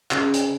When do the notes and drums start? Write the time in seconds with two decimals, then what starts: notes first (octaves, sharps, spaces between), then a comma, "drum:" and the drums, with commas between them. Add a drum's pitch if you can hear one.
0.11 C#3, drum: clap
0.34 drum: hi-hat